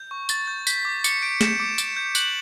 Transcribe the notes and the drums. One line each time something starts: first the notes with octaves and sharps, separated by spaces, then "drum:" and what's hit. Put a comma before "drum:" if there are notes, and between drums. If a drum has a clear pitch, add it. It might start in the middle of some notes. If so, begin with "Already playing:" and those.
Already playing: G6
C#6
C#6 A6, drum: tambourine
G6
G6 B6, drum: tambourine
D6
D6 C#7, drum: tambourine
G6 D7
G6 E7, drum: snare
D6
D6, drum: tambourine
G6
F#6 F#7, drum: tambourine